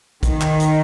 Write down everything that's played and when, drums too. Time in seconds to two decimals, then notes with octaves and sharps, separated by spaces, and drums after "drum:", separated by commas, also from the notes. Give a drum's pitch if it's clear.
0.23 D#3, drum: kick, hi-hat
0.41 drum: clap
0.60 drum: hi-hat